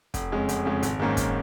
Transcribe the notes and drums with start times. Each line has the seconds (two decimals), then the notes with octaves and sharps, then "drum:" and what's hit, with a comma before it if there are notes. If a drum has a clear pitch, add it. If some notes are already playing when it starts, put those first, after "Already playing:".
0.14 F1, drum: kick, hi-hat
0.31 F2 C#3 G#3 C#4
0.49 F1, drum: hi-hat
0.65 F2 C#3 G#3 C#4
0.83 G#1, drum: hi-hat
1.00 G#2 D#3 A#3 C#4
1.17 drum: kick, hi-hat